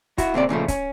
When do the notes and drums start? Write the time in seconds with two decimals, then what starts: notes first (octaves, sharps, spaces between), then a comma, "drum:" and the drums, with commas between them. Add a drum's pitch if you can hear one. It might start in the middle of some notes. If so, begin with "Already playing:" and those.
0.18 E4 F#4, drum: kick C#1, hi-hat
0.34 A#2 C#3 C4 D5
0.49 A#2 C#3 F3 A3
0.68 C#4, drum: kick C#1, hi-hat